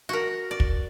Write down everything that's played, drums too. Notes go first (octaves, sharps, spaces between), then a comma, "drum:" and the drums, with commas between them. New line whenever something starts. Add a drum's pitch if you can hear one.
F#4 A#4
D5
drum: kick